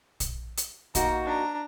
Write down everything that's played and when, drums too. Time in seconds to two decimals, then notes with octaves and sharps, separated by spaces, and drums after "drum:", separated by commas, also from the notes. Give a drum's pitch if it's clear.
0.20 drum: kick A#1, hi-hat
0.58 drum: hi-hat
0.95 A#3 D#4 F#4 A#5, drum: kick A#1, hi-hat
1.25 D4 A#5